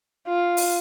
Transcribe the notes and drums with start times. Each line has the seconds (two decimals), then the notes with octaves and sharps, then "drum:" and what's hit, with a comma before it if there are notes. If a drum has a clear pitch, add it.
0.28 F4
0.57 drum: open hi-hat